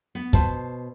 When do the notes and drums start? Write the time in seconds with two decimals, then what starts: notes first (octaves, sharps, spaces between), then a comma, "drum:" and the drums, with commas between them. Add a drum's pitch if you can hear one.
0.15 B3
0.33 B2 C5 A5, drum: kick